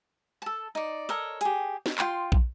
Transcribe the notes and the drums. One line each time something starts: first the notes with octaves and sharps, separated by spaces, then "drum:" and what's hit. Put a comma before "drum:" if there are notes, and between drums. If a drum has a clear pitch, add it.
A4 A5
D#4 D5
A4 A#4 C#5 D#5
G4 G#4, drum: hi-hat
drum: snare
F4 G5 C6, drum: clap
drum: kick